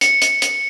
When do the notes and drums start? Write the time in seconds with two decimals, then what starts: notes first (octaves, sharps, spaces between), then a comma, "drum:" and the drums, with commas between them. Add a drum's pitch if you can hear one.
0.01 C#7, drum: hi-hat
0.22 drum: hi-hat
0.42 drum: hi-hat